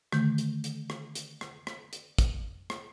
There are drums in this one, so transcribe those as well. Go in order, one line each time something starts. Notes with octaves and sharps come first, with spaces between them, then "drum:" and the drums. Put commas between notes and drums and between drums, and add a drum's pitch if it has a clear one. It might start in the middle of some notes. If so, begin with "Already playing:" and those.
D3 D#3 A3 G6, drum: rim click
drum: hi-hat
drum: hi-hat
drum: rim click
drum: hi-hat
drum: rim click
drum: rim click
drum: hi-hat
drum: kick, hi-hat
drum: rim click